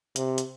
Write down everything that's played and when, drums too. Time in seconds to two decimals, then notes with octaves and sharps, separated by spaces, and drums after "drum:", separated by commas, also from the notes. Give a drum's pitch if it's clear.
0.16 C3, drum: hi-hat
0.38 drum: hi-hat